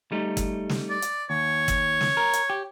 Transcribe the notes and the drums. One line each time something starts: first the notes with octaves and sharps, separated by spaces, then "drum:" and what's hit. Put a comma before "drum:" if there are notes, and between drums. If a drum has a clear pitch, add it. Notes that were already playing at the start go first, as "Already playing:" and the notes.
G3 A3 D#4
drum: kick, hi-hat
drum: snare
D5
drum: hi-hat
D#2 C#5
drum: kick, hi-hat
drum: snare
A#4
drum: hi-hat
G4